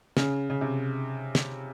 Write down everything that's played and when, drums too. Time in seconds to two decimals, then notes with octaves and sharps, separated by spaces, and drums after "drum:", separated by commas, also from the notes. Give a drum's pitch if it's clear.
0.17 C#3, drum: snare
0.50 C#3
0.61 C3
1.35 drum: snare